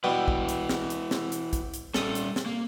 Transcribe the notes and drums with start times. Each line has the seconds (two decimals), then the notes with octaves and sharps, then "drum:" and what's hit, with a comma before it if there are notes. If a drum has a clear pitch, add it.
0.04 B2 G3 E4 F#4 B4
0.28 drum: kick
0.49 drum: hi-hat
0.69 drum: snare
0.90 drum: hi-hat
1.11 drum: snare
1.32 drum: hi-hat
1.53 drum: kick, hi-hat
1.74 drum: hi-hat
1.94 G3 C#4 A4 D#6, drum: snare
2.15 drum: hi-hat
2.36 drum: snare
2.46 A#3